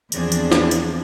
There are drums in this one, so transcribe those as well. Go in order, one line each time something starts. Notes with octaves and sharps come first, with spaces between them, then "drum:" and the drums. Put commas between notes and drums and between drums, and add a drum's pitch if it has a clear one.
E2 F3 C4 D4 G#4, drum: tambourine
drum: tambourine
drum: snare
drum: tambourine